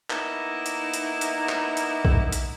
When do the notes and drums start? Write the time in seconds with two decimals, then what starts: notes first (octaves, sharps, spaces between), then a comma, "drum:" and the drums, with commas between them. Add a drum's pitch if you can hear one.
0.10 A#3 B3 D#4 E4, drum: clap
0.66 drum: hi-hat
0.94 drum: hi-hat
1.21 drum: hi-hat
1.49 drum: clap
1.77 drum: hi-hat
2.05 drum: kick A#1
2.32 drum: hi-hat